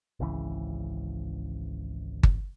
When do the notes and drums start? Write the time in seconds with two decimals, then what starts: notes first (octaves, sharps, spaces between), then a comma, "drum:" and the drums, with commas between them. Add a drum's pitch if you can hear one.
0.20 G#1 C#2 C#3 E3
2.23 drum: kick G1